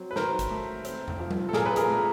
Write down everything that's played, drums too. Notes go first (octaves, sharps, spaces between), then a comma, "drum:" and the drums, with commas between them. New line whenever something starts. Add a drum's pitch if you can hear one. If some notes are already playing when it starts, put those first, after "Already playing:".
Already playing: F#3 C4
B4
D#3 A#4 C5, drum: snare
drum: kick, hi-hat
A3
C4, drum: hi-hat
drum: tom
F3
drum: tom F#3
A4
A#2 G#4 A#4, drum: snare
B4
G#4 A#4, drum: hi-hat
A3 A#4